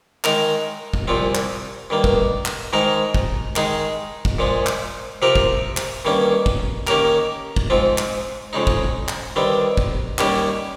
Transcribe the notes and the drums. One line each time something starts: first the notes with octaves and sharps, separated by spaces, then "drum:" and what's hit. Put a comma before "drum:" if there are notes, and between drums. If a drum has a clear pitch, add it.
D#3 G#3 D#4 A#4, drum: clap
drum: kick
C2 A#2 F3 C4
drum: clap
G2 D#3 A#3
drum: kick
drum: clap
G#2 D#3 G#3 D#4 A#4
drum: kick
D#3 G#3 D#4 G#4, drum: clap
drum: kick
A#2 F3 G#3
drum: clap
C3 F3 C4 G4 A#4
drum: kick
drum: clap
G2 D#3 A#3 C#4
drum: kick
D#3 A#3 C#4 G4 A#4, drum: clap
drum: kick
G#2 F3 C4
drum: clap
F2 C#3 G#3 D#4
drum: kick
drum: clap
G2 D#3 G3 C4
drum: kick
D#2 D#3 G3 C#4 G4, drum: clap